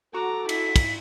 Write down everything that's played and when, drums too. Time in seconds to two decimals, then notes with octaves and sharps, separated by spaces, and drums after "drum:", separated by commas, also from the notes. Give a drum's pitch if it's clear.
0.14 F#4 A4 A#5 D6
0.49 E4 B6, drum: cymbal
0.76 drum: kick, cymbal